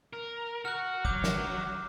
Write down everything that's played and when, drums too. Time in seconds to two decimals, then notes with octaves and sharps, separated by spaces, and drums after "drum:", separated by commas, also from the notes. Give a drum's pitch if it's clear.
0.13 A#4
0.65 F#4 F6 F#6
1.05 F#3 D6 G6, drum: kick
1.24 drum: snare